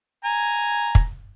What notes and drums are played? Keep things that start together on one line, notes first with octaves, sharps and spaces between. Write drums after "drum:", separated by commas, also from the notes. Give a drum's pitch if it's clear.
G#5 A#5
drum: kick